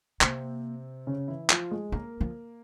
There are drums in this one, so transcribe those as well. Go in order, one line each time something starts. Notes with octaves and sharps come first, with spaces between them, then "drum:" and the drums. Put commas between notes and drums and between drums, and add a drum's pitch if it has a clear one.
C3 A#3 C4, drum: clap
C#3 C#4
E3 E4
F3 F4, drum: clap
G#3 G#4
A#3 C#4 A#4
F3